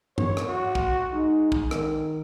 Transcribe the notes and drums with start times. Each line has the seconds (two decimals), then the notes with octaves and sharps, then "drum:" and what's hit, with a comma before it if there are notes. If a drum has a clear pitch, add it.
0.18 C#5, drum: tom
0.37 drum: rim click
0.48 F#4
0.75 drum: kick
1.13 G#3 D#4
1.52 drum: kick
1.71 D#3, drum: rim click